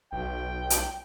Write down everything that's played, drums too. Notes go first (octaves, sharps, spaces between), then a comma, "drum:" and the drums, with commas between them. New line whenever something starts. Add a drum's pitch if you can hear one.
B1 G5
drum: hi-hat